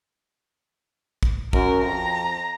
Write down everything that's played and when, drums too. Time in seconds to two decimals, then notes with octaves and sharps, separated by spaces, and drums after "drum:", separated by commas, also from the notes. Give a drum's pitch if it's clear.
1.23 drum: kick
1.53 F#2 A#4, drum: kick
1.84 F2 A#5